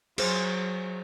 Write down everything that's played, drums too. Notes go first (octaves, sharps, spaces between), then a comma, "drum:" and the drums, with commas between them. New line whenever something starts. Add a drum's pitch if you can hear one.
F#3 G#4 C5, drum: cymbal